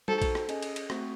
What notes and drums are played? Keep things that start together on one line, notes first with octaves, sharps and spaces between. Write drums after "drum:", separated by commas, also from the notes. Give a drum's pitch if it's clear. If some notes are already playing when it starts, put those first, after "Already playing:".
D#4 F#4 A4 C5, drum: tom G3
drum: kick, cymbal
drum: rim click
C#4 G#4 D#5, drum: cymbal
drum: cymbal
drum: cymbal
A3 C4 F#4, drum: rim click